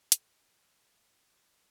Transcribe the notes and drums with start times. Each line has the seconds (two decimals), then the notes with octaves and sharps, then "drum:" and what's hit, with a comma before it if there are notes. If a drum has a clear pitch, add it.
0.12 A4 E5 G5 G#5 C6, drum: hi-hat